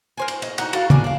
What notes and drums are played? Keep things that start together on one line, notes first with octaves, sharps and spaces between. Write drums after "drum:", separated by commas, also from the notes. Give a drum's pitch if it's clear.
A#4 C5 G#5
drum: cymbal
D#5, drum: cymbal
D#4 F#4, drum: cymbal
F#4 A4 A#4 F5, drum: cymbal
A#3 D4 G#5, drum: tom
D4 F5